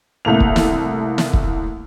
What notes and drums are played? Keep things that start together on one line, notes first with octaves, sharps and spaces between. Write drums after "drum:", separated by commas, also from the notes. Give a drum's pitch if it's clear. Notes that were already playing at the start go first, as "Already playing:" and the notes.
C2 A3 A#3 F7
drum: kick
drum: snare
drum: snare
drum: kick